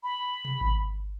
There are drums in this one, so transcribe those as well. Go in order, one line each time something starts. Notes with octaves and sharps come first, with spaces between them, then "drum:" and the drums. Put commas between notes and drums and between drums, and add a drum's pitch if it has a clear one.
B5
drum: tom B2
drum: kick G#1